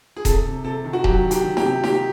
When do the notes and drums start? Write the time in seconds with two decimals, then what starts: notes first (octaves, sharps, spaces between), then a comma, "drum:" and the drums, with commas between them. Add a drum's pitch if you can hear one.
0.16 G#4
0.25 C3 A4, drum: kick D#1, hi-hat
0.45 C3
0.64 C3 A4
0.84 D#3
0.93 F#4
1.04 F#3 G4, drum: kick D#1
1.23 D#3
1.31 G4, drum: hi-hat
1.44 D#3
1.57 G4, drum: snare D#4
1.63 C3
1.83 D#3 G4, drum: snare D#4